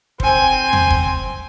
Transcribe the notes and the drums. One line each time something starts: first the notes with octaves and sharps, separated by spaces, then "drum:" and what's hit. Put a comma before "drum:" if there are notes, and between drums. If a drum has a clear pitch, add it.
C4 G#5, drum: kick
drum: tom
drum: kick